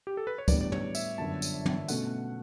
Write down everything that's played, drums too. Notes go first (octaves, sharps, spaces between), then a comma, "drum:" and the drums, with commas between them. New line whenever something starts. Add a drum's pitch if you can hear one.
G4
A4
B4
C#5
A2 G3 B3 D4 D5, drum: kick, tambourine
D5
C#5, drum: tom
E5, drum: tambourine
G1 F#2 D3 A5
drum: tambourine
drum: tom
B2 A3 C#4 F#5, drum: tambourine